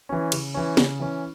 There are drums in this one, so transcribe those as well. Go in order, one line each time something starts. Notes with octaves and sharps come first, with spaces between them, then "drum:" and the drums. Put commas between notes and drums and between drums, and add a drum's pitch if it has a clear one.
E3 C#4
C#3, drum: cymbal
E3 C#4
C#3, drum: snare
E3 C#4